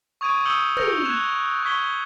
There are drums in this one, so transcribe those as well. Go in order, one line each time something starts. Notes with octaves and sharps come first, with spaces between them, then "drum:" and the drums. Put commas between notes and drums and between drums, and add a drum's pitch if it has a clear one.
C#6 D#6 G#6 D7 D#7
D#6 E6 G6 C#7 F#7 G7
F6 G6 A#6 C#7 D7 F7, drum: tom
F#6 G#6 E7 F7
C#6 G6 G#6 B6 G7